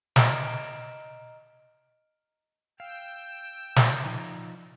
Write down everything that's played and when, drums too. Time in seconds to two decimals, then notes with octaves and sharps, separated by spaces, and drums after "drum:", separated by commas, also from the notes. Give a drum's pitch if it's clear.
0.16 D#5 A#5 F6 D7 E7, drum: snare
2.80 F5 G5 E6
3.76 drum: snare
4.05 F3 D#4 D5